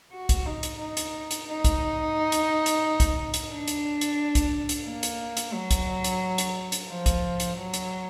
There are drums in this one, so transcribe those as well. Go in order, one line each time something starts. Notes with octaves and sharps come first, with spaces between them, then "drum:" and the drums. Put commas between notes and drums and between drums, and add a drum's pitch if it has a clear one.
F#4
drum: kick, hi-hat
D#4
drum: hi-hat
D#4
drum: hi-hat
drum: hi-hat
D#4
drum: kick, hi-hat
drum: hi-hat
drum: hi-hat
drum: kick, hi-hat
drum: hi-hat
D4
drum: hi-hat
drum: hi-hat
drum: kick, hi-hat
drum: hi-hat
A#3
drum: hi-hat
drum: hi-hat
F#3
drum: kick, hi-hat
drum: hi-hat
drum: hi-hat
drum: hi-hat
F3
drum: kick, hi-hat
drum: hi-hat
F#3
drum: hi-hat